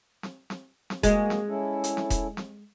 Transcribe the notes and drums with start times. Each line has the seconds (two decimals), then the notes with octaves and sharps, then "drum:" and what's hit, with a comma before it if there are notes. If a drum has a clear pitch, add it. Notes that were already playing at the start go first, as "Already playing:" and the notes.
0.23 drum: snare
0.50 drum: snare
0.90 drum: snare
1.03 G#3 A#3 F#4, drum: kick E1, hi-hat
1.30 drum: snare
1.48 C#4 E4 A4
1.84 drum: hi-hat
1.97 drum: snare
2.10 drum: kick E1, hi-hat
2.37 drum: snare